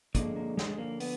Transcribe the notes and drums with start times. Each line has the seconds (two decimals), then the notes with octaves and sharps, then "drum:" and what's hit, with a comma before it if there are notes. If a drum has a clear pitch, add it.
0.15 D3 F3 G#3 A#3, drum: kick, hi-hat
0.36 A#3
0.57 G#3, drum: snare
0.79 A#3
1.00 B3, drum: open hi-hat